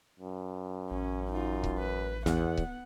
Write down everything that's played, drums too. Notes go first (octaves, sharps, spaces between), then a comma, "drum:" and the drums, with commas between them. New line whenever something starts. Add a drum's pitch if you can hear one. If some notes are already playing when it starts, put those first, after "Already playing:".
F#2
A1 C#4
D#4 F4
drum: kick C#1
B4
E2 B3 F#5, drum: snare
drum: kick C#1